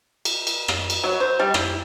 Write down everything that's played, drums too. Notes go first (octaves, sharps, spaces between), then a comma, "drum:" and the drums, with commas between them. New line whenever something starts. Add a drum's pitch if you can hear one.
drum: cymbal
drum: cymbal
drum: rim click
drum: cymbal
F#3
C5
G3
E4, drum: rim click